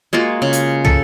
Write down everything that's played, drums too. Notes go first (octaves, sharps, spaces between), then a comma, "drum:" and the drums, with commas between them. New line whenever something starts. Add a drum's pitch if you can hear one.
G#3 A#3 F4 F#4
C#3
drum: hi-hat
A4, drum: tom